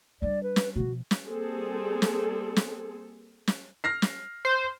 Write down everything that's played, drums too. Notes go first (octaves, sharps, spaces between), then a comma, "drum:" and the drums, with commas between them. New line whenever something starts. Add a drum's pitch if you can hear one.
G3 D4 D5
B4
drum: snare
B2 F3 F#4
drum: snare
G3 A#3 C4 G#4 A4
drum: snare
drum: snare
drum: snare
F6 A#6 C7
drum: snare
C5